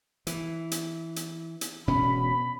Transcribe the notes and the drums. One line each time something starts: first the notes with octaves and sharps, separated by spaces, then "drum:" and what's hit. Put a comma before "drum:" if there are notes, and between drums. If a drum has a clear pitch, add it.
E3, drum: hi-hat
drum: hi-hat
drum: hi-hat
drum: hi-hat
E1 B2 C#4 B5